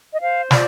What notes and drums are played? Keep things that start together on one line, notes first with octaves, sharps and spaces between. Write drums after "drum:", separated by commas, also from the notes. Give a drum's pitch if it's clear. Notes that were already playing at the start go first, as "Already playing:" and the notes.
D#5
C5 F5
F4 D5, drum: snare